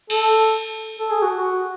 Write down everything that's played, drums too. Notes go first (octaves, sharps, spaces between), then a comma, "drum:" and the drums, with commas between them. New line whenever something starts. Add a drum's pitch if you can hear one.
A4, drum: cymbal
A4
G#4
F#4
F#4